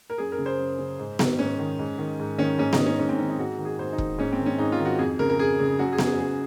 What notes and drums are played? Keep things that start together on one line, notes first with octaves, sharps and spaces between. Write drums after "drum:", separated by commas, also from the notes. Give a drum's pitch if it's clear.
A#4
F#2 G#4
A#4
C#3
C5
F#2
C#3
G#2
D#3, drum: snare B3
G#2 C#4
D#3
G#2
D#3
G#2
D#3 C#4
G#2 C#4
D#4, drum: snare B3
D#3
C#4
G#2 C#4
C4
D#3 C#4
D#4
G#2 F#4
D#3
G#4
G#2 C5
D#4
D#3, drum: kick E1
G#2 C#4
C4
D#3
C#4
G#2 D#4
F4
D#3
F#4
F2 G#4
C#3 A#4
A#4
F2 G#4
C#3
F#2 F#4
G#4
C#3, drum: snare B3
G#4
F#2 G#4